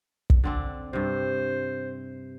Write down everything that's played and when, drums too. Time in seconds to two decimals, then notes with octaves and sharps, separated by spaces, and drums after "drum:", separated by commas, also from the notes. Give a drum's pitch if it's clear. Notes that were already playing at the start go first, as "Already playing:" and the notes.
0.30 drum: kick
0.44 D3 C4 D4
0.93 G2 C3 C5